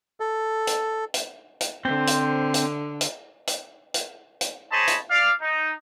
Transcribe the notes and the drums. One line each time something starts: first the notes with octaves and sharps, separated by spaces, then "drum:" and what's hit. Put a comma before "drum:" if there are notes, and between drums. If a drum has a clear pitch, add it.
A4
drum: hi-hat
drum: hi-hat
drum: hi-hat
D3 C4 C5
drum: hi-hat
drum: hi-hat
drum: hi-hat
drum: hi-hat
drum: hi-hat
drum: hi-hat
G#4 C5 C#5 D#5 A5 B5
drum: hi-hat
D5 F5
D#4